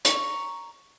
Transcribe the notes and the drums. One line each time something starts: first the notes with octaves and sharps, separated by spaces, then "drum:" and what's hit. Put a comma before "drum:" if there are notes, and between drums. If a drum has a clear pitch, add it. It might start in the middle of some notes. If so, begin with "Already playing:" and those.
A#5 C#6, drum: hi-hat